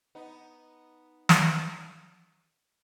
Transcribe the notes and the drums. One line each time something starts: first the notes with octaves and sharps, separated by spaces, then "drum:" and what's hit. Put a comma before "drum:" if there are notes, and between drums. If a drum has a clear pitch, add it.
B3 D#4
drum: snare